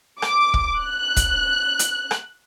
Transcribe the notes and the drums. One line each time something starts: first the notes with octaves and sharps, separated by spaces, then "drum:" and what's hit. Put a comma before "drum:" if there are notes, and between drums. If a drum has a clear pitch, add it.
D6, drum: rim click
drum: kick
F#6
drum: kick, hi-hat
drum: hi-hat
drum: rim click